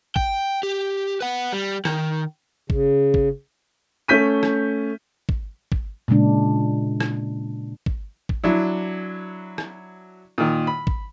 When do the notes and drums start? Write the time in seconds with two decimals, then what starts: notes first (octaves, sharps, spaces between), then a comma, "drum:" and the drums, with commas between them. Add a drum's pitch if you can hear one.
0.16 G5, drum: kick
0.63 G4
1.21 B4 F#5
1.52 G3
1.85 D#3, drum: rim click
2.70 C#3, drum: kick
3.14 drum: kick
4.08 A3 C#4 G6 B6 D#7
4.43 drum: rim click
5.29 drum: kick
5.72 drum: kick
6.08 A#2 C#3 G#3 D4
7.00 drum: rim click
7.86 drum: kick
8.29 drum: kick
8.44 F#3 D4 E4
9.58 drum: rim click
10.38 A#2 D#3
10.67 B5
10.87 drum: kick